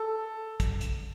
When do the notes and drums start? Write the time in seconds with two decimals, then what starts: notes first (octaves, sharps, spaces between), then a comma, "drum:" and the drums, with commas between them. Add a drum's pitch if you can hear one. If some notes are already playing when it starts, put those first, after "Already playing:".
Already playing: A4
0.60 drum: kick, hi-hat
0.81 drum: hi-hat